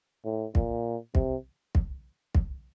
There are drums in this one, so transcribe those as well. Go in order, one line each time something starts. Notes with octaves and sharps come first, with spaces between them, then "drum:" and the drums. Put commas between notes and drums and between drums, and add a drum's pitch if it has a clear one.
A2
A#2, drum: kick
C3, drum: kick
drum: kick
drum: kick